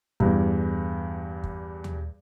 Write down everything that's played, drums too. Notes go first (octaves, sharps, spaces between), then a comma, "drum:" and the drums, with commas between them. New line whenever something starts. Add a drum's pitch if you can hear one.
E2 G2, drum: kick
drum: kick
drum: tom D#2